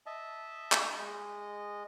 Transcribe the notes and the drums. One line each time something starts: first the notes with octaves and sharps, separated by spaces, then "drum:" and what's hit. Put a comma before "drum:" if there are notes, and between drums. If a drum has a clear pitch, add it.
D#5 E5 A5
drum: clap
G#3 D#5